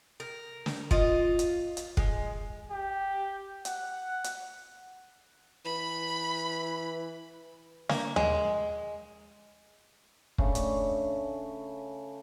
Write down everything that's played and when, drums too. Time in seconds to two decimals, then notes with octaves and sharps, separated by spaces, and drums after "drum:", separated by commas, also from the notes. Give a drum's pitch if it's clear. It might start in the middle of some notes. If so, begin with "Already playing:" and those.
0.20 A#4
0.66 drum: snare
0.91 F4 D#5, drum: kick
1.39 drum: hi-hat
1.77 drum: hi-hat
1.97 G#3, drum: kick
2.71 G4
3.65 F#5, drum: hi-hat
4.24 drum: hi-hat
5.65 E3 B5
7.89 A#3, drum: snare
8.16 G#3, drum: tom D#2
10.38 C#3 A3 D4, drum: kick
10.55 drum: hi-hat